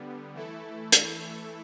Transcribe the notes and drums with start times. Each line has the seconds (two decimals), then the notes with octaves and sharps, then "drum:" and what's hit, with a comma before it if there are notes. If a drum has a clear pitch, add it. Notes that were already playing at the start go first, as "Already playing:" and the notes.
Already playing: D3 G3 B3
0.34 E3 A3 E4 A4
0.92 drum: hi-hat